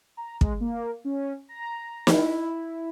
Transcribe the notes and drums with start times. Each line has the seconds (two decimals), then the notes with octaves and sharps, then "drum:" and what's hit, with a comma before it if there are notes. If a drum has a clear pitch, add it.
0.17 A#5
0.41 G#3, drum: kick
0.60 A#3
1.05 C#4
1.49 A#5
2.07 E4, drum: snare